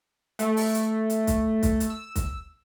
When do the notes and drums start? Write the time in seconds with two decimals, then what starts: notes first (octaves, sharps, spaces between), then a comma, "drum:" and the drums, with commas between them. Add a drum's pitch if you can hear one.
0.39 A3, drum: hi-hat
0.57 drum: open hi-hat
0.74 drum: hi-hat
1.10 drum: hi-hat
1.27 drum: kick, hi-hat
1.63 drum: kick, hi-hat
1.80 drum: hi-hat
1.90 E6
2.16 drum: kick, hi-hat